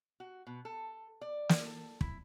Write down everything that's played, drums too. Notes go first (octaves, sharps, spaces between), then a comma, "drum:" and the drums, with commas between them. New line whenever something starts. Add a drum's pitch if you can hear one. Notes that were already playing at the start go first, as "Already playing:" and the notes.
F#4
B2
A4
D5
drum: snare
A4
E4, drum: kick